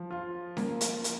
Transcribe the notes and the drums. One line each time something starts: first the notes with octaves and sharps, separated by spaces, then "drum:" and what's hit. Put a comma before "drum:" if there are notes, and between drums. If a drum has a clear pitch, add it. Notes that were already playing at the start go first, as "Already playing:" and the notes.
Already playing: F3
F4
A#3, drum: snare C#4
drum: hi-hat
drum: hi-hat